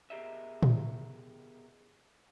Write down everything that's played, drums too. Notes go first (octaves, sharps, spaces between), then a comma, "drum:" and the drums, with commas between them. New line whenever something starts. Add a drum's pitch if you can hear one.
B2 G4 G#4 A#4 D#5 E5
drum: tom